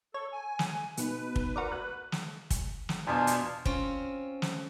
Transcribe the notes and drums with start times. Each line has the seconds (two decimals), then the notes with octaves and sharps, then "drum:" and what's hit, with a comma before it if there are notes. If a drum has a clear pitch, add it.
0.14 A4 C#5
0.33 G#5
0.59 drum: snare
0.97 B2 D#4 B4, drum: hi-hat
1.36 drum: kick
1.56 F#4 A#4 D5
1.72 F#6
2.12 drum: snare
2.51 drum: kick, hi-hat
2.89 drum: snare
3.07 E2 B2 D4 F4 C5 G#5
3.27 drum: hi-hat
3.66 C4 C#4 F4, drum: kick
4.42 drum: snare